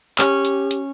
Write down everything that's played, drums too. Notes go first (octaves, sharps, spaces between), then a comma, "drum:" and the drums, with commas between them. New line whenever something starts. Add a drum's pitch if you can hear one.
C#4 G4, drum: clap
drum: hi-hat
drum: hi-hat